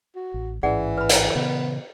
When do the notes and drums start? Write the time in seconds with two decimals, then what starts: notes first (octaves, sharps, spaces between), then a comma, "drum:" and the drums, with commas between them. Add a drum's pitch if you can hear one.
0.16 F#4
0.34 A1
0.63 A1 G#2 E3 C#4 G#4 D5 F#5
0.98 B4 B5
1.09 A#4 G#5 A#5, drum: hi-hat
1.35 A#2 C#3 E3 B3